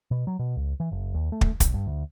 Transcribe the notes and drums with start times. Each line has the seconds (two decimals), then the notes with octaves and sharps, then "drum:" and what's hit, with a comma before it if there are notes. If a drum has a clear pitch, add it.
0.11 B2
0.27 F#3
0.39 B2
0.56 C#2
0.80 E3
0.91 F#1
1.14 D#2
1.32 A3
1.41 drum: kick
1.60 B1, drum: kick, hi-hat
1.74 G2
1.87 D2